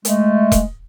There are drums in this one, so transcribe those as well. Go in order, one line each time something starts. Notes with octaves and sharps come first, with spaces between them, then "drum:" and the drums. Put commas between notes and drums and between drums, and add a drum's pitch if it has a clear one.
G#3 A3, drum: hi-hat
drum: kick E1, hi-hat